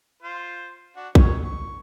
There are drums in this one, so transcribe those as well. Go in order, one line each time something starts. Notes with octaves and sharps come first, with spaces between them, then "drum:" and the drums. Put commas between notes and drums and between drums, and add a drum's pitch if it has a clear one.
F4 C5
D4 F#4
F#3 C#4 C#5, drum: kick A#1
C#6